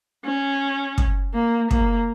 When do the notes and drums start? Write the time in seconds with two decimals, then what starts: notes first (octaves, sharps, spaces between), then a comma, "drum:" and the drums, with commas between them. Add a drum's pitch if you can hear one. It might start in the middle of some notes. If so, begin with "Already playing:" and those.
0.25 C#4
0.98 drum: kick
1.34 A#3
1.71 A#3, drum: kick